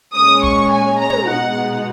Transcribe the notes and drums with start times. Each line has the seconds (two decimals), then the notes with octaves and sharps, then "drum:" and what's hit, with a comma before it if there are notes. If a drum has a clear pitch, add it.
0.15 A#2 G#3 C#4 D#6
0.43 C#6, drum: kick
0.72 G#5
0.99 A#5
1.10 drum: tom
1.27 B2 G#3 D#4 F#5